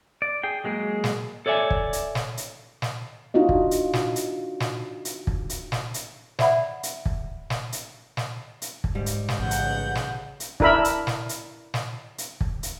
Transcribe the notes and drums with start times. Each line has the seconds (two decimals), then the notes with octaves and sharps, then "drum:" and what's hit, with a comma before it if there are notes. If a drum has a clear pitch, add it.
0.22 D5
0.43 G#4 G5
0.64 F#3 G#3 A#3 G#4
1.04 drum: snare
1.46 A4 C#5 D5 E5 G#5
1.71 drum: kick
1.93 drum: hi-hat
2.15 drum: snare
2.37 drum: hi-hat
2.82 drum: snare
3.34 D4 D#4 F4 F#4 D#5
3.49 drum: kick
3.71 drum: hi-hat
3.93 drum: snare
4.16 drum: hi-hat
4.60 drum: snare
5.05 drum: hi-hat
5.27 drum: kick
5.50 drum: hi-hat
5.72 drum: snare
5.94 drum: hi-hat
6.39 D5 E5 F#5 B5, drum: snare
6.83 drum: hi-hat
7.06 drum: kick
7.50 drum: snare
7.72 drum: hi-hat
8.17 drum: snare
8.62 drum: hi-hat
8.84 drum: kick
8.95 G#2 G3
9.06 drum: hi-hat
9.28 drum: snare
9.39 A1 C#3 F#5 G6
9.51 drum: hi-hat
9.95 drum: snare
10.40 drum: hi-hat
10.60 D4 E4 A#4 E5 B5, drum: kick
10.85 drum: hi-hat
11.07 drum: snare
11.29 drum: hi-hat
11.74 drum: snare
12.18 drum: hi-hat
12.41 drum: kick
12.63 drum: hi-hat